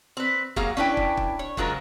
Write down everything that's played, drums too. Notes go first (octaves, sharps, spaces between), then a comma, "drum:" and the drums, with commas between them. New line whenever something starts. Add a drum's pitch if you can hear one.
C4 B4
F#3 A#3 G#4 F5, drum: kick
C#4 D4 E4 B4 G5
drum: kick
drum: kick
C#5
C#3 F#3 G#3 F4 A#4 C5, drum: kick